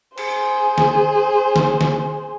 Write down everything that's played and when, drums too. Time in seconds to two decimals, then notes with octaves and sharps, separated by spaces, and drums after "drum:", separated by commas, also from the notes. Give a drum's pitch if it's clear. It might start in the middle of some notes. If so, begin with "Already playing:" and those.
0.18 G#4 C5, drum: cymbal
0.78 drum: snare
1.56 drum: snare
1.81 drum: snare